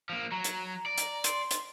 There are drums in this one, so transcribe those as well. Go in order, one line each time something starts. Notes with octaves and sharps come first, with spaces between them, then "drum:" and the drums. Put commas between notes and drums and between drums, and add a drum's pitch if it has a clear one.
F3 A#3
F#3 A#5
drum: hi-hat
D5
drum: hi-hat
C6, drum: hi-hat
drum: hi-hat